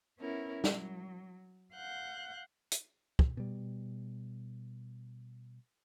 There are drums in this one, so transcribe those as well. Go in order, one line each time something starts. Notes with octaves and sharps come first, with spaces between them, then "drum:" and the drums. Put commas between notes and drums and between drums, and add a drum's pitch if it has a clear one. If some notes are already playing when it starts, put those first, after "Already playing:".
B3 C#4 E4 A#4 C#5
F#3, drum: snare
F5 F#5 F#6 G6
drum: hi-hat
drum: kick
B2 G3